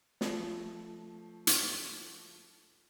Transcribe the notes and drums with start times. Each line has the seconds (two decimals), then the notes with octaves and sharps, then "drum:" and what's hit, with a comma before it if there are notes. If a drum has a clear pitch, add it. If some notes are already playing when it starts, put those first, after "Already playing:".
0.21 F3 A3, drum: snare
1.47 drum: hi-hat